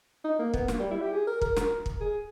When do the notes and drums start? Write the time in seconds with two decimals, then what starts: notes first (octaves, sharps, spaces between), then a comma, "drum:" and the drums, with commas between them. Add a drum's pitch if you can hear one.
0.24 D#4
0.39 A#3
0.54 B3, drum: kick
0.68 A#3, drum: snare
0.79 G3
0.91 E4
1.02 G4
1.12 G#4
1.27 A#4
1.41 A#4, drum: kick
1.56 A#4, drum: snare
1.86 drum: kick
2.00 G#4